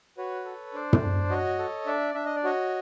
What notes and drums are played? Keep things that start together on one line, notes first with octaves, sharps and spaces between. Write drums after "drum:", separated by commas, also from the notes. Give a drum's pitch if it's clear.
F#4 B4 C#5
A4
D4 C5 D5
drum: tom
D4
F#4 C#5 D#5
A4
D4 D5 E5
D4 E5
D#5
D5
F#4 C#5 D#5